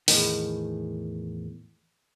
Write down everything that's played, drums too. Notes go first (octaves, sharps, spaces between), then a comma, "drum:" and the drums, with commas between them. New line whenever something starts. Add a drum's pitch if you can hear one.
E2 A2 D#3, drum: open hi-hat